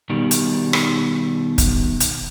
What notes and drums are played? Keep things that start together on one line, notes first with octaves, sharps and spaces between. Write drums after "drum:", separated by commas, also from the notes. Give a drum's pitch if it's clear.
B2 D#3 G3
drum: hi-hat
drum: rim click
drum: kick, hi-hat
drum: hi-hat